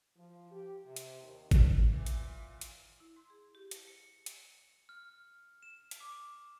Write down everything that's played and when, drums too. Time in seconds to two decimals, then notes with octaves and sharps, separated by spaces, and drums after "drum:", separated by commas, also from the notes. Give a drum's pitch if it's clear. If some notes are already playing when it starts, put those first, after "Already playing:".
0.17 F3
0.51 G4
0.85 C3
0.96 drum: hi-hat
1.21 D#2
1.51 drum: kick G#1, hi-hat
1.88 A#2 E3
2.06 drum: hi-hat
2.61 drum: hi-hat
3.00 E4
3.16 C6
3.30 G#4
3.55 G4
3.71 drum: hi-hat
3.87 C#7
4.26 drum: hi-hat
4.89 F6
5.63 E7
5.91 drum: hi-hat
6.01 D6